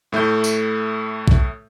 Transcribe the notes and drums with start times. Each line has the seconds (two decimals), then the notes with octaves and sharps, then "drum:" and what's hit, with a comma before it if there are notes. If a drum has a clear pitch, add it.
0.12 A2 A3 E4 G6
0.44 drum: tambourine
1.28 drum: kick